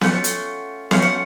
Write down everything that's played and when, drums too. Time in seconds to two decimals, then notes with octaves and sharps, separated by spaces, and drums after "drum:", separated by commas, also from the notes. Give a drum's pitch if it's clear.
0.01 A3 C#4 F4 F#5, drum: snare B3
0.24 drum: hi-hat
0.91 A3 C#4 F4 F5, drum: snare B3
1.02 F#5